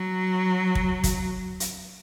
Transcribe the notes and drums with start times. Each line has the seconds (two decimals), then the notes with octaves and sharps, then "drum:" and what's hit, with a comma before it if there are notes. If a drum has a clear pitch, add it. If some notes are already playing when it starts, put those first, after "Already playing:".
Already playing: F#3
0.75 drum: kick
1.04 drum: kick, hi-hat
1.60 drum: hi-hat